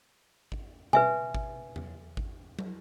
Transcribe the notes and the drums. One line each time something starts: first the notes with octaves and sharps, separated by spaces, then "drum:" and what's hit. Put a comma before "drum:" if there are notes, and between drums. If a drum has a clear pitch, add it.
drum: kick G#1
B4 E5 G#5, drum: tom B2
drum: kick G#1
drum: tom E2
drum: kick G#1
drum: tom